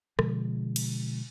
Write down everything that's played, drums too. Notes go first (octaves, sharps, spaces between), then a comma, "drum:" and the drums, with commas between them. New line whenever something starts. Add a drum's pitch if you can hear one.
B2 D3 F3 G#3, drum: rim click
drum: cymbal